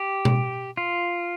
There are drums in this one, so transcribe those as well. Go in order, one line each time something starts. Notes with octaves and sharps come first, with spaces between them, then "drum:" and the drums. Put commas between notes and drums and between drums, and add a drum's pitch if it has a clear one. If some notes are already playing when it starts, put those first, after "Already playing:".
Already playing: G4
drum: tom B2
F4